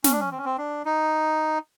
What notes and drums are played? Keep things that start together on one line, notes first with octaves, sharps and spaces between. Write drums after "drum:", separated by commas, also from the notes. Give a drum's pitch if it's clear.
C#4, drum: snare
D4
C#4
C4
C#4
C4
D4
D#4